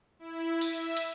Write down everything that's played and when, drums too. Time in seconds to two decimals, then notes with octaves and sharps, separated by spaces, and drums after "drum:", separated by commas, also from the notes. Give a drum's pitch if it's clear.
0.19 E4
0.61 E5, drum: cymbal
0.97 drum: cymbal